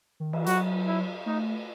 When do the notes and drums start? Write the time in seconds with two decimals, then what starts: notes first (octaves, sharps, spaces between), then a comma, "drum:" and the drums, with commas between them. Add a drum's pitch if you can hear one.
0.20 D#3
0.33 E3, drum: cymbal
0.46 F#3 F#4, drum: hi-hat
0.87 E4
1.26 A3 D#4